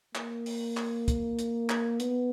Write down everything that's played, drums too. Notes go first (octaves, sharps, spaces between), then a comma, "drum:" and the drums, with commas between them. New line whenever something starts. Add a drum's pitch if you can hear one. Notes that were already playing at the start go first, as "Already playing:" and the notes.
A#3, drum: clap
drum: open hi-hat
drum: clap
drum: kick, hi-hat
drum: hi-hat
drum: clap
B3, drum: hi-hat